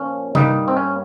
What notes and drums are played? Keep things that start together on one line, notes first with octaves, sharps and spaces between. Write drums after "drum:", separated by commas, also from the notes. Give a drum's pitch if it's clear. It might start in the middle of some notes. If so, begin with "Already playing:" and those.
Already playing: A#2 F3 A#3 C#4
G2 G3 A#3 D#4, drum: tom C3
C4
C#4